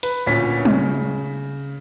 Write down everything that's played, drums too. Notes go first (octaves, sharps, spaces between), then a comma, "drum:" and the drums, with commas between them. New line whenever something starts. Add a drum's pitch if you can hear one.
B4, drum: hi-hat
D2 A#2 C#4 B6
C#3, drum: tom